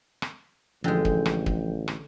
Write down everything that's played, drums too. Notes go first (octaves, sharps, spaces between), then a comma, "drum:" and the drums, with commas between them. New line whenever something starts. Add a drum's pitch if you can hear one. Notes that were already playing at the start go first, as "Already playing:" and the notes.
drum: rim click
A1 D3 F3 G#3 G5 G6
drum: kick
drum: rim click
drum: kick
drum: rim click